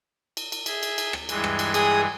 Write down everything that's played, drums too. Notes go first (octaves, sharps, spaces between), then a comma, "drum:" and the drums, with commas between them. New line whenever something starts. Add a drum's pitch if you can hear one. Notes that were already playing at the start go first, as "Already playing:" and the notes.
drum: cymbal
drum: cymbal
G#4 E5, drum: cymbal
drum: cymbal
drum: cymbal
drum: rim click
G2 E3 G#3, drum: cymbal
drum: rim click
drum: cymbal
G#4 D#6, drum: cymbal